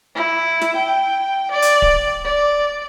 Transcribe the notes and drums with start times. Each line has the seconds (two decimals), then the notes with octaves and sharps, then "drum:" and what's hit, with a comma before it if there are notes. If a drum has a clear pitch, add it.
0.15 E4
0.61 drum: snare
0.76 G5
1.51 D5
1.62 drum: hi-hat
1.82 drum: kick D1
2.25 D5